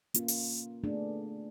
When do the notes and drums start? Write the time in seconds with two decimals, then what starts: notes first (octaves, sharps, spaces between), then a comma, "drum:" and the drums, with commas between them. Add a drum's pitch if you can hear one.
0.14 A#3 C#4 F4, drum: hi-hat
0.28 drum: open hi-hat
0.84 A3 B3 D4 G#4